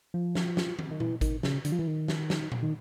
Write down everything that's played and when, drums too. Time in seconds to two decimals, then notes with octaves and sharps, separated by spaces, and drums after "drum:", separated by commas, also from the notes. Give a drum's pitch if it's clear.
0.14 F3
0.35 drum: snare
0.57 drum: snare
0.79 drum: tom
0.91 D#3
1.00 E3, drum: tom A#2
1.21 D#3, drum: kick G#1, hi-hat
1.43 C#3, drum: snare
1.65 D3, drum: hi-hat
1.72 F3
1.79 E3
1.87 D#3
2.08 drum: snare
2.30 drum: snare
2.52 drum: tom A#2
2.63 D#3